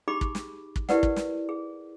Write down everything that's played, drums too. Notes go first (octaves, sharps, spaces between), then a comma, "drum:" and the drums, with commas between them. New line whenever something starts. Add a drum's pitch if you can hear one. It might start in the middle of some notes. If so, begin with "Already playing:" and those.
D#4 G4 G#4 B5 D6
drum: kick
drum: snare
drum: kick
E4 G4 A#4 B4 D5 F#5, drum: snare
drum: kick
drum: snare
G#4